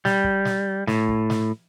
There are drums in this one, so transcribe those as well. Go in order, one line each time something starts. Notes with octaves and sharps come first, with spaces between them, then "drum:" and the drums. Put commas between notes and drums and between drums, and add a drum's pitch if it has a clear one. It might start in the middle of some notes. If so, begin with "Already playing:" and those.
G3, drum: snare
drum: kick
drum: snare
A2, drum: snare
drum: kick
drum: snare